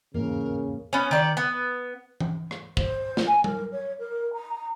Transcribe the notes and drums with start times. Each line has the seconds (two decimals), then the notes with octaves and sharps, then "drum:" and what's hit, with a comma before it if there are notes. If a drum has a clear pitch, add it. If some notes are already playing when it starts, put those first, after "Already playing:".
0.14 E2 G#2 C#3 A#3 A#4
0.93 B3 C#4
1.11 D#3 D5
1.37 B3
2.20 drum: tom E3
2.51 drum: rim click
2.77 C5, drum: kick
3.17 drum: snare
3.27 G#5
3.44 A#4, drum: tom G3
3.72 C#5
3.99 A#4
4.33 A#5